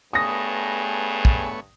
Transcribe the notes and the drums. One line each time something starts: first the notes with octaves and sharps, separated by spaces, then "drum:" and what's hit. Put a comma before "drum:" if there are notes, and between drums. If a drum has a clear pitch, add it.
G2 A3 B3 G#4 C#5 D#6 A#6
drum: kick